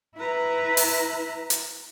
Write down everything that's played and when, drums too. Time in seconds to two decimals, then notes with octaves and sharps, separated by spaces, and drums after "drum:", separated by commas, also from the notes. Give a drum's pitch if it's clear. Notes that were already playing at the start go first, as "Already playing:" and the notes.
0.17 E4 B4 A#5
0.77 drum: open hi-hat
1.50 drum: hi-hat